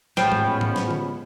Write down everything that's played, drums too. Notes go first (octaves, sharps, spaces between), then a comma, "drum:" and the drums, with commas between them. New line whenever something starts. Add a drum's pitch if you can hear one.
A1 F3 G#3 B3 C#4 G5 B5, drum: snare
drum: tom G#2
drum: tom G#2
drum: snare
drum: tom D3